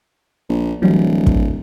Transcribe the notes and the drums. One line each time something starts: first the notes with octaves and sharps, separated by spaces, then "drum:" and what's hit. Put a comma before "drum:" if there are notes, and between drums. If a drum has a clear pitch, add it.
A#1
D1 E3 F#3 G3
drum: kick